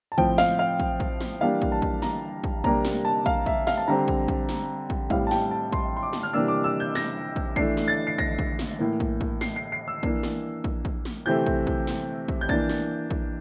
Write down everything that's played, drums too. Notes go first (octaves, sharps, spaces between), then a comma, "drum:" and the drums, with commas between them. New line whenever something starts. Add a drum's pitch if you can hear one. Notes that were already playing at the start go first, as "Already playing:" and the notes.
A5
A2 F3 C4 G5, drum: kick
F5, drum: snare
F5
drum: kick
drum: kick
drum: snare
E3 G3 A#3 D4 F5
drum: kick
A5
drum: kick
A#5, drum: snare
drum: kick
C3 G3 A#3 D4 A#5, drum: kick
drum: snare
A5
F5, drum: kick
E5, drum: kick
F5, drum: snare
A5
D3 G3 C4 A#5
drum: kick
drum: kick
drum: snare
drum: kick
A2 G3 C4 F5, drum: kick
A5
G5, drum: snare
A5
C6, drum: kick
C6
D6
drum: snare
F6
C3 E3 G3 A#3 D4 E6
D6
E6
G6
A#6, drum: snare
drum: kick
E3 A3 D4 C7, drum: kick
drum: snare
A6
C7
A#6, drum: kick
drum: kick
drum: snare
A2 E3 A#3
drum: kick
drum: kick
C7, drum: snare
C7
C7
E6
E3 A#3 D4, drum: kick
drum: snare
drum: kick
drum: kick
drum: snare
C3 E3 A3 C4 G6
drum: kick
drum: kick
drum: snare
drum: kick
G6
E3 A#3 D4 A6, drum: kick
drum: snare
drum: kick